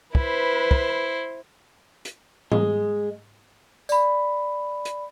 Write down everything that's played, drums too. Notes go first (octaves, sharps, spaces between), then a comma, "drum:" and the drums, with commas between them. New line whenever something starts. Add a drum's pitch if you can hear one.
E4 B4 C5, drum: kick
drum: kick
drum: hi-hat
G#3, drum: tom
D5 B5, drum: tambourine
drum: hi-hat